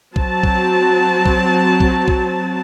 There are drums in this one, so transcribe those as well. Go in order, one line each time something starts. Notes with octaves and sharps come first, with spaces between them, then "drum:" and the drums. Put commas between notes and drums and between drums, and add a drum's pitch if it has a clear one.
F#3 C4 F#4 A5, drum: kick B1
drum: kick B1
drum: kick B1
drum: kick B1
drum: kick B1